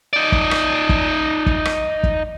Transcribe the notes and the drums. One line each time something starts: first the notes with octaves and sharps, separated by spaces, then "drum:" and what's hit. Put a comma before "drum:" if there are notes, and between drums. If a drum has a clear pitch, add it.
D#4 D5
drum: kick
drum: rim click
drum: kick
drum: kick
drum: rim click
drum: kick